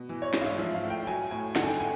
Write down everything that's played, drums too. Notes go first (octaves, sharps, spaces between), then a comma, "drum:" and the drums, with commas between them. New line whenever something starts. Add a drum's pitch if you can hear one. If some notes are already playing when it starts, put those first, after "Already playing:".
Already playing: B2
E3, drum: hi-hat
C#5
G#2, drum: snare
F5
E5
F3 E5, drum: hi-hat
F5
A2
G5
F#3 G#5, drum: hi-hat
A2 G#5
D3 F#5, drum: snare
G#5
G5
G#5